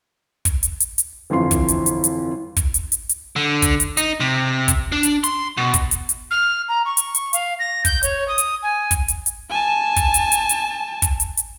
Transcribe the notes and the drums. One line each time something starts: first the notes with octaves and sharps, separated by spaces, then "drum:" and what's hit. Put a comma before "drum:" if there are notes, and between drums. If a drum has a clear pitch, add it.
drum: kick, hi-hat
drum: hi-hat
drum: hi-hat
drum: hi-hat
G1 F2 E3 F4 C6
drum: kick, hi-hat
drum: hi-hat
drum: hi-hat
drum: hi-hat
drum: kick, hi-hat
drum: hi-hat
drum: hi-hat
drum: hi-hat
D3
drum: kick, hi-hat
drum: hi-hat
D#4, drum: hi-hat
C3
drum: kick, hi-hat
D4
drum: hi-hat
C6, drum: hi-hat
B2
drum: kick, hi-hat
drum: hi-hat
drum: hi-hat
F6
A#5
C#6
drum: hi-hat
drum: hi-hat
F5, drum: hi-hat
A#6
G6, drum: kick, hi-hat
C#5, drum: hi-hat
D#6
drum: hi-hat
G#5
drum: kick, hi-hat
drum: hi-hat
drum: hi-hat
G#5 A5
drum: kick, hi-hat
drum: hi-hat
drum: hi-hat
drum: hi-hat
drum: kick, hi-hat
drum: hi-hat
drum: hi-hat